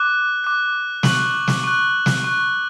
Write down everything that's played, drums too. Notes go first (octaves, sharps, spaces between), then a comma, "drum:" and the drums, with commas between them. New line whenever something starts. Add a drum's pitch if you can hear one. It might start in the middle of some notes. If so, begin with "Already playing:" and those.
Already playing: D6 F#6
D6 F#6
C#6 F#6 F#7, drum: snare
drum: snare
C#6 F#6
drum: snare
C#6 F#6